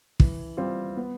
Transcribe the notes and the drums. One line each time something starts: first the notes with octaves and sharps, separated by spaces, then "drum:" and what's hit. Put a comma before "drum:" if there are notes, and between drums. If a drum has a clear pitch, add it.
E3, drum: kick
G3 C4 F4
B3